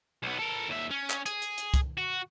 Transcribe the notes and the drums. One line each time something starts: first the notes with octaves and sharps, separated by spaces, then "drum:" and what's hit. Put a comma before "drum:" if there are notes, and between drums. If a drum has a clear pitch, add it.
B1 B3
A4 A#4
D#2 E5
C#4
drum: clap
G#4, drum: hi-hat
drum: hi-hat
drum: hi-hat
drum: kick, hi-hat
F#4